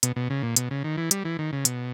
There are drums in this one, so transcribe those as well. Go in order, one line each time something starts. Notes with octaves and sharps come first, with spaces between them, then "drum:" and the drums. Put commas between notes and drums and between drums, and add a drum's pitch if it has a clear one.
B2, drum: hi-hat
B2
C#3
A#2
B2, drum: hi-hat
C#3
D#3
E3
G3, drum: hi-hat
E3
D#3
C#3
B2, drum: hi-hat